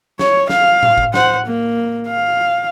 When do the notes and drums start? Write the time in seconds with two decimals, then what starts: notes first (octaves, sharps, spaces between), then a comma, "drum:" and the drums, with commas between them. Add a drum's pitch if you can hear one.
0.19 C#5, drum: snare
0.49 F5, drum: snare
0.83 drum: tom A2
0.98 drum: kick
1.14 C5 F#5, drum: snare
1.47 A#3
2.08 F5